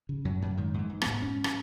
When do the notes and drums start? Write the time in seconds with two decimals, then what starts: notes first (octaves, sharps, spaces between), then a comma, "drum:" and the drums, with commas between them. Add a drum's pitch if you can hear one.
0.09 C#3
0.25 F#2 F#3
0.42 F#2
0.57 G#2 D#3
0.74 G#2 E3
0.90 G#2
1.02 G#2 B3, drum: rim click
1.22 G#2 C#4
1.44 drum: rim click